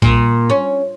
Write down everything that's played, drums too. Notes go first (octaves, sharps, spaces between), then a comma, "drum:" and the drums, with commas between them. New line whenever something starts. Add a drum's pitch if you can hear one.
A#2, drum: kick
C#4